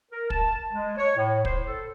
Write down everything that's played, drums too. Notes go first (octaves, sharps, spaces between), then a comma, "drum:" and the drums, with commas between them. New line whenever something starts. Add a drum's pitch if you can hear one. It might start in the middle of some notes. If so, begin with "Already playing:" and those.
A#4
A5, drum: kick
G#3
C#5
A2
C5, drum: kick
A4